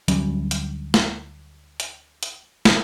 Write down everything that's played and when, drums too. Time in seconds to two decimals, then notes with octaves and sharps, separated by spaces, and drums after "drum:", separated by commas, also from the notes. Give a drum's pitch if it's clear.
0.08 D2 F#3 G3 C#4, drum: hi-hat
0.51 drum: hi-hat
0.94 drum: snare
1.80 drum: hi-hat
2.23 drum: hi-hat
2.65 drum: snare